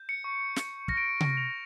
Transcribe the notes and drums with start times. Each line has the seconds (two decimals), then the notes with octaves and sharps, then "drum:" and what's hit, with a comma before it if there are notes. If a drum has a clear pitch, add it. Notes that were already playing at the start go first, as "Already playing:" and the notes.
Already playing: G6
0.09 C#7
0.24 C#6
0.56 G6 C#7, drum: snare
0.88 F6 A#6, drum: kick
0.97 D7
1.05 C#7
1.21 C#6 D7, drum: tom C3
1.37 F7